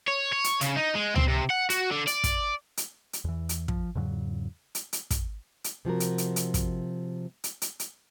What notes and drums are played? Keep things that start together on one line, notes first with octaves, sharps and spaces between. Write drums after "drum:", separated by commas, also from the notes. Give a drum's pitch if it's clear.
C#5
C#5
drum: hi-hat
C#3, drum: hi-hat
D#4
G#3
C4, drum: tom C#2
C3
F#5
F#4, drum: hi-hat
D3
D5, drum: hi-hat
drum: kick, hi-hat
drum: hi-hat
drum: hi-hat
E2 E3
drum: hi-hat
F3, drum: kick
E2 G#2 C#3 F#3
drum: hi-hat
drum: hi-hat
drum: kick, hi-hat
drum: hi-hat
C3 F3 F#4 A#4
drum: hi-hat
drum: hi-hat
drum: hi-hat
drum: kick, hi-hat
drum: hi-hat
drum: hi-hat
drum: hi-hat